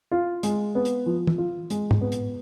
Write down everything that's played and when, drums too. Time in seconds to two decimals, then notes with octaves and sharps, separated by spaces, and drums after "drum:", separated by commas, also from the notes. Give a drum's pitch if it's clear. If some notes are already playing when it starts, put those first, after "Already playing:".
0.11 F4
0.43 G#3, drum: hi-hat
0.75 B3
0.85 drum: hi-hat
1.06 F3
1.27 drum: tom
1.38 F4
1.70 G#3, drum: hi-hat
1.91 drum: tom
2.01 B3
2.12 drum: hi-hat